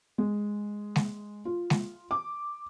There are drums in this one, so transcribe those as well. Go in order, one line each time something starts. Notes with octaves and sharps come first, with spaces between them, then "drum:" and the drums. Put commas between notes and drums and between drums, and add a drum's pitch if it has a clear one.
G#3
drum: snare G#3
F4
drum: snare G#3
D6